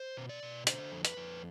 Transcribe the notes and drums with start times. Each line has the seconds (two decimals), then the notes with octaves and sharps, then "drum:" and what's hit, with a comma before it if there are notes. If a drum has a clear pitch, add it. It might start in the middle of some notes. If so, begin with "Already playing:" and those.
Already playing: C5
0.17 B2
0.29 D5
0.43 B2
0.67 D3 C5, drum: hi-hat
0.92 F2
1.05 B4, drum: hi-hat
1.17 F2